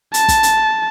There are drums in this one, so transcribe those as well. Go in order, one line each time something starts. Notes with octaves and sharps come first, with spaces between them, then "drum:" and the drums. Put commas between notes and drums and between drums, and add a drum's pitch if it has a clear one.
A5, drum: hi-hat
drum: kick, hi-hat
drum: hi-hat